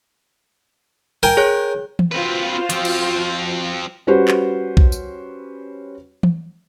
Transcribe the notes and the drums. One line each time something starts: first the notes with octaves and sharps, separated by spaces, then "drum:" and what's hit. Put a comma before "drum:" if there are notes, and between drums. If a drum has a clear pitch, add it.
A#4 G5 G#5
G#4 C#5 F#6
drum: tom E3
C4 F4 F#4 B4 C5
F3 C4, drum: hi-hat
drum: cymbal
G3 C#4 F#4 G4 B4 C5
drum: clap
drum: kick B1
drum: tambourine
drum: tom E3